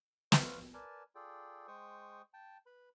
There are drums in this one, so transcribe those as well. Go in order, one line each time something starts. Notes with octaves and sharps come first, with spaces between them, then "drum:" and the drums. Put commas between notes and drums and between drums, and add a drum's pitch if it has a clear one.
B4 C5 F5 C#6, drum: snare
A#4 B4 D5 G#5 A5
F4 G#4 A4 D5 G5
G#3 C5 G5 C#6 D#6
G5 A5
B4 B5